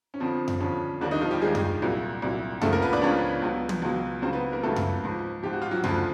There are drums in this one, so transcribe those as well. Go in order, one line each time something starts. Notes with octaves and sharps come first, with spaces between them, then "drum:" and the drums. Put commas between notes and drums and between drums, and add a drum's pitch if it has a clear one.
C#4
F2 D3 F3 C4
drum: tom F#2
F2 D3 F3 C#4
D#2 D3 D#3 G3 D4
D#3 D#4
F3 F4
G3 G4
D#2 D#3 G3 G#3 G#4
drum: tom F#2
C2 A#2 F#3
C2 A#2 F#3
C#2 C#3 F3 A3 A4, drum: tom F#2
A#3 A#4
B3 B4
D4 D5
C#2 C#3 F3 C#4 C#5
C#2 B2 F#3
drum: tom
C#2 B2 F#3
C#2 C#3 F#3 C4 C5
B3 B4
A#3 A#4
C#2 C#3 F#3 A3 A4
drum: tom F#2
G#2 F3
G#2 F3 G4
F#4
F4
F#3 F#4
D2 C#3 F3 F4, drum: tom F#2